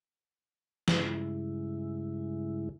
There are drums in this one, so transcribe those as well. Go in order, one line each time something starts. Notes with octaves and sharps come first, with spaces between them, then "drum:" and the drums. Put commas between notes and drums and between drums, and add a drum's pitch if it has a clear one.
G2 C#3 G#3 E4, drum: snare